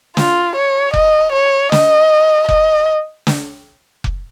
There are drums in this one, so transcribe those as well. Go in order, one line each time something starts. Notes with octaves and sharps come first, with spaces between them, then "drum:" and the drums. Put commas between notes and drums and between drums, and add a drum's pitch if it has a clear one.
F4, drum: snare
C#5
D#5, drum: kick F1
C#5
D#5, drum: snare
D#5, drum: kick F1
drum: snare
drum: kick F1